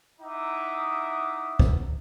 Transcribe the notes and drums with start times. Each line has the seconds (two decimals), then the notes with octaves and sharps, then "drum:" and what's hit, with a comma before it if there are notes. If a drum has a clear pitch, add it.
0.20 D#4 E4 E5 F#5 D6 D#6
1.60 drum: kick